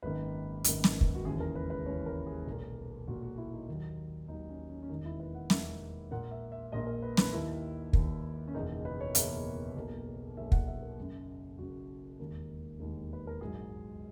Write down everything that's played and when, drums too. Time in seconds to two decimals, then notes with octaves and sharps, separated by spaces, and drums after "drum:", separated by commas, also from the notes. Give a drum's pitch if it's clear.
0.03 G#1 F#2 D#3 A#3 B4
0.64 G#1 F#2 D#3 A#3, drum: hi-hat
0.84 drum: snare
1.01 drum: kick
1.15 F#4
1.25 E1 D#2 C#3 E3 G#4
1.40 A#4
1.55 B4
1.70 B4
1.85 E1 D#2 C#3 E3 C#5
2.06 A#4
2.26 G#4
2.47 B1 A#2 A#3
3.07 B1 A#2 A#3 F#4
3.23 F#4
3.38 E4
3.53 D#4
3.68 D#2 D#3 F#3
4.28 D#2 D#3 F#3 D#4
4.49 C#4
4.69 C#4
4.83 C#4
4.89 E1 D#2 D#3 A#3 D#4
5.05 E4
5.20 B4
5.35 F#5
5.50 E1 D#2 D#3 A#3 E5, drum: snare
6.11 A#1 A#2 A#3 F#5
6.31 E5
6.52 E5
6.72 A#1 A#2 A#3 D#5
6.87 A#4
7.02 B4
7.17 B4, drum: snare
7.33 D#2 D#3 A#3 E4
7.93 D#2 D#3 A#3, drum: kick
8.48 C#4
8.54 F#1 E2 B2 A#3 D#4
8.70 D#4
8.85 B4
9.01 C#5
9.15 F#1 E2 B2 A#3 E5, drum: hi-hat
9.76 B1 B2 A#3
10.37 B1 B2 A#3 E5
10.52 F#5, drum: kick
10.67 E5
10.82 A#4
10.97 F#1 F#2 C#3
11.58 F#1 F#2 C#3 F#4
12.20 E1 D#2 D#3 A#3
12.80 E1 D#2 D#3 A#3
13.13 B4
13.27 A#4
13.41 A#1 G#2 F#3 G#4